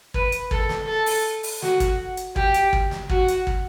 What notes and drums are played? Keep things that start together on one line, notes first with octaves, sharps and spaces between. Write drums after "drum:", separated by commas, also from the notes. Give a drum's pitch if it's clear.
B4, drum: kick
drum: hi-hat
A4, drum: kick
drum: snare
A4
drum: open hi-hat
drum: open hi-hat
F#4, drum: snare
drum: kick, hi-hat
drum: hi-hat
G4, drum: kick
drum: hi-hat
drum: kick
drum: snare
F#4, drum: kick
drum: hi-hat
drum: kick